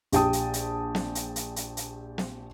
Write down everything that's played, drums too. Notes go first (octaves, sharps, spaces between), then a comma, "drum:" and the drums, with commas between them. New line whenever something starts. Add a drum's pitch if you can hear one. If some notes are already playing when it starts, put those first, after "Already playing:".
A#1 G4 G5 A5 D#6, drum: hi-hat
drum: hi-hat
drum: hi-hat
drum: snare
drum: hi-hat
drum: hi-hat
drum: hi-hat
drum: hi-hat
drum: snare